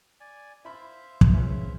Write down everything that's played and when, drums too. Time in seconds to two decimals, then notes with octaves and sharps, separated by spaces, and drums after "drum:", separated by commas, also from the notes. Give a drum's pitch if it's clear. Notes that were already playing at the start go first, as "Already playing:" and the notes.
0.20 D5 G#5
0.65 E4 C5 E5 F5 B5
1.21 drum: kick
1.31 C#2 C#4 E4 B4